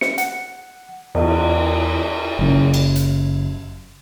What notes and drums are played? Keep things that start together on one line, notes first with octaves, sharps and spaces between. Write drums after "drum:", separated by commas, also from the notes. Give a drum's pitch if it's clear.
C#7, drum: snare
F#5, drum: hi-hat
E2, drum: cymbal
F#1 F#2 C#3
drum: cymbal
drum: hi-hat